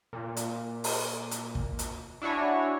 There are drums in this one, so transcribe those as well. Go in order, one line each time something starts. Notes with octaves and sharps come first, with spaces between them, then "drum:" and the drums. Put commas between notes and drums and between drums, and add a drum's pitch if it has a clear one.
A#2
drum: hi-hat
drum: open hi-hat
drum: hi-hat
drum: kick
drum: hi-hat
D4 E4 F#4 C#5 G#5